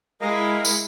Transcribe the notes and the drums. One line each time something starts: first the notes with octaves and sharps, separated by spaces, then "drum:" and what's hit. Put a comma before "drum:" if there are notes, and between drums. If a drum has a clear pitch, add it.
G#3 E4 A#4 D#5 F5
drum: tambourine